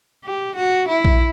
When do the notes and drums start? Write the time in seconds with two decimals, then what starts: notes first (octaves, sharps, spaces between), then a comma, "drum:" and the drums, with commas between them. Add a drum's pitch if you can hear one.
0.25 G4
0.56 F#4
0.88 E4
1.05 drum: kick A#1